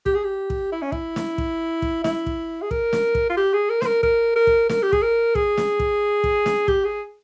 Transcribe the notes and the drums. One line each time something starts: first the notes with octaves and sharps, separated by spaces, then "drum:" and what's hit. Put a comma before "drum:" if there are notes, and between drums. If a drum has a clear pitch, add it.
G4, drum: kick
G#4
G4
drum: kick
E4
C#4
E4, drum: kick
drum: snare
drum: kick
drum: kick
E4, drum: snare
drum: kick
G#4
A#4, drum: kick
drum: snare
drum: kick
F4
G4
G#4
A#4
C5, drum: snare
A#4
A#4, drum: kick
A#4
drum: kick
A#4, drum: snare
G4
G#4, drum: kick
A#4
G#4, drum: kick
drum: snare
drum: kick
drum: kick
drum: snare
G4, drum: kick
G#4